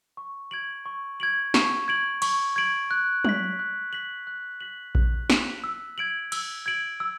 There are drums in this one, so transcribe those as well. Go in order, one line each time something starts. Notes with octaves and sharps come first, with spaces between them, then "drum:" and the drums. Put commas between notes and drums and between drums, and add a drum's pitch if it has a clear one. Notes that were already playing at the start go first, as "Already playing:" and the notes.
C#6
G#6 D7 F#7
C#6
G#6 D7 F#7
C#6, drum: snare
G#6 D7 F#7
C#6, drum: cymbal
G#6 D7 F#7
F#6
B6 F#7, drum: tom F#3
F#6
B6 F#7
F#6
B6 F#7
F#6, drum: kick A#1
B6 F#7, drum: snare
E6
G#6 D7 F#7
E6, drum: cymbal
G#6 D7 F#7
E6